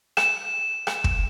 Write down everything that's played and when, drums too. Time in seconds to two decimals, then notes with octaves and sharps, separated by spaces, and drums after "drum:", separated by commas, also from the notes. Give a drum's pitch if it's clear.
0.17 E7, drum: rim click
0.87 drum: rim click
1.04 drum: kick